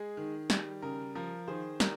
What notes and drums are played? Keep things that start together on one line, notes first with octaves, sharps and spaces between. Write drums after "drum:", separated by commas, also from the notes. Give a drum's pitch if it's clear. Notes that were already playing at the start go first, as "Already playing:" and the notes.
Already playing: G#3 G#4
D#3
G3, drum: snare
C#3 A#4
F3 A#4
D#3 G#4 C5
G3 A#4, drum: snare